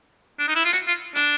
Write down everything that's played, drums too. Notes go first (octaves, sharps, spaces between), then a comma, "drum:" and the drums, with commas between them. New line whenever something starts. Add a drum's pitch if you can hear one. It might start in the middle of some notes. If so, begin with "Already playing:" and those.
D4
D#4
E4
F4
F#4, drum: hi-hat
F4
D4, drum: hi-hat